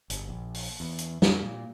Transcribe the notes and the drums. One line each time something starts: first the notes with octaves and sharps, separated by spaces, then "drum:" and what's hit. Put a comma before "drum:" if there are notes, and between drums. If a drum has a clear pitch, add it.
G1, drum: hi-hat
A#1
drum: open hi-hat
E2
drum: hi-hat
F2, drum: snare
A#2